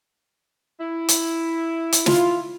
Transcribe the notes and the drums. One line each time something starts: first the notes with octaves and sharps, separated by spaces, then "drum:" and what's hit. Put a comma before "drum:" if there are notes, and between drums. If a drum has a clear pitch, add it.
E4
drum: hi-hat
drum: hi-hat
F4, drum: snare